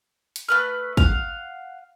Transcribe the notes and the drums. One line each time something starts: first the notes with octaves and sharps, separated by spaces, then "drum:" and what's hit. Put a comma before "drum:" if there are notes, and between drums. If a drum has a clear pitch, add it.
drum: hi-hat
A3 B4 F6
F5 F#5, drum: kick